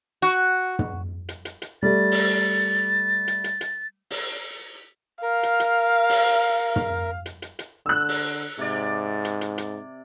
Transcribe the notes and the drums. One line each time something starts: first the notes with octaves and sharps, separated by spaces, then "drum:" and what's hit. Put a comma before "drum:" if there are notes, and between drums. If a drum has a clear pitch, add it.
F#4
drum: tom
drum: hi-hat
drum: hi-hat
drum: hi-hat
G3 A3 A6
drum: open hi-hat
drum: hi-hat
drum: hi-hat
drum: hi-hat
drum: open hi-hat
A#4 F5
drum: hi-hat
drum: hi-hat
drum: open hi-hat
drum: tom
drum: hi-hat
drum: hi-hat
drum: hi-hat
D3 E6 F#6
drum: open hi-hat
G#2 C3 D5
drum: hi-hat
drum: hi-hat
drum: hi-hat